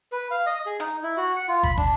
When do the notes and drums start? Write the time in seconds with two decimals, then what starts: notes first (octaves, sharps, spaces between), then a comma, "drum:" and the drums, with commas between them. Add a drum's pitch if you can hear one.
0.12 B4
0.31 F5
0.46 D#5
0.66 G#4
0.80 D#4, drum: hi-hat
1.03 E4
1.17 F#4
1.36 F#5
1.49 F4
1.63 B5, drum: kick
1.77 D4, drum: kick